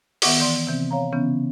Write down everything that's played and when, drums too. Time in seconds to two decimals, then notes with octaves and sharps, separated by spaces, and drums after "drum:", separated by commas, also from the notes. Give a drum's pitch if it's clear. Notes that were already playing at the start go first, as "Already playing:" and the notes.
0.22 D#3 B3 E5 F#5 C#6 D6, drum: open hi-hat
0.39 E3 D5 C6
0.67 C3 E3 C4
0.91 C#5 F5 A#5
1.13 C#3 E3 B3 C#4